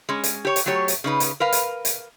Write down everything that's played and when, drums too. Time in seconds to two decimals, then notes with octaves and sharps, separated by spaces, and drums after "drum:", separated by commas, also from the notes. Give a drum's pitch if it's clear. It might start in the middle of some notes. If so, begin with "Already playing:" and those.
0.09 G#3 C#4
0.24 drum: hi-hat
0.45 G4 C#5
0.56 drum: hi-hat
0.66 F#3 A3 G4 C#5
0.88 drum: hi-hat
1.04 C#3 D#4 B4
1.20 drum: hi-hat
1.40 A#4 B4 F5
1.52 drum: hi-hat
1.85 drum: hi-hat